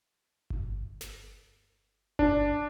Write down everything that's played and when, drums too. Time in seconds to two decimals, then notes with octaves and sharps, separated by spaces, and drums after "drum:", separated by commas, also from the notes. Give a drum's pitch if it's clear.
0.50 drum: kick G1
1.01 drum: snare
2.19 D4, drum: kick G1